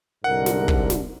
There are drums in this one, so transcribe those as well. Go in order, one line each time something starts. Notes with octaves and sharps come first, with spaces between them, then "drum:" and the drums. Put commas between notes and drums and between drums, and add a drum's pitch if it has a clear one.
C2 G#2 D3 A#4 F#5
drum: snare
drum: kick
drum: snare